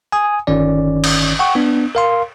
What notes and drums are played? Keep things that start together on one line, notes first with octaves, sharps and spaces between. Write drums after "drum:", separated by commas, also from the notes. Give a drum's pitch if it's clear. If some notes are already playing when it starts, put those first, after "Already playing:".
G#5 D#6
G1 D#3 C#4 D5
drum: cymbal
F#5 G5 C#6
B3 D4
A#4 F5 C6